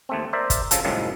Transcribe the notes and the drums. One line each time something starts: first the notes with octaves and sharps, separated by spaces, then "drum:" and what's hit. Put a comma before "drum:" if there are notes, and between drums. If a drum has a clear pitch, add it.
D#2 A3 C4
A#4 C5 D5 E5
drum: kick, hi-hat
C#3 F3 A4, drum: hi-hat
C2 F#2 A2 D#3 F3 G#3